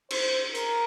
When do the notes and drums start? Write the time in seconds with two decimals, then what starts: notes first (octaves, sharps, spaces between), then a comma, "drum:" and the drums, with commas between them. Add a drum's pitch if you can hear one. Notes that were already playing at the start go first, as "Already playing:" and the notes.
0.10 C5, drum: cymbal
0.55 A#4, drum: hi-hat